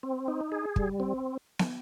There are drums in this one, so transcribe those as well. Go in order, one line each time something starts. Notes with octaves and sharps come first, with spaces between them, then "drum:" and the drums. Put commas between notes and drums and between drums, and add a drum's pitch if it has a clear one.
C4
D#4
G#4
G3, drum: kick
C4
drum: snare